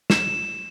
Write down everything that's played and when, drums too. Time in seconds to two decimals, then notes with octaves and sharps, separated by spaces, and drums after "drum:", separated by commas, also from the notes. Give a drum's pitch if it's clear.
0.10 E7, drum: snare